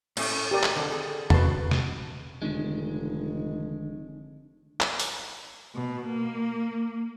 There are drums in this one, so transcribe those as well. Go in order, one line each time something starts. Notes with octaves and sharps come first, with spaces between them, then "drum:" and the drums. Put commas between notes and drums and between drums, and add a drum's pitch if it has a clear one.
A2 C#4, drum: cymbal
G4 A#4 D5
drum: clap
F2 D3 D5 A5
G#4 A4
F#4 B4 A5 C6, drum: tom E2
drum: snare
F1 D3 D#3 G#3
drum: clap
drum: open hi-hat
B2
A#3